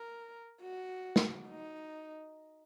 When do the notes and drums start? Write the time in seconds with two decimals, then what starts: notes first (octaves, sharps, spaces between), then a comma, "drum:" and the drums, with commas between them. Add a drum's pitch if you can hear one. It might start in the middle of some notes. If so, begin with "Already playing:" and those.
Already playing: A#4
0.61 F#4
1.16 drum: snare
1.48 D#4